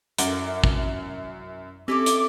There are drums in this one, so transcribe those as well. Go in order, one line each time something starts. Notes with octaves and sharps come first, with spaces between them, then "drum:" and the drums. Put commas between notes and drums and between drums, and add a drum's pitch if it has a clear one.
F#2 E4 A#4 D5 F#5 A#5, drum: hi-hat
drum: kick
C4 C#4 E4 G4 A4 D6
drum: hi-hat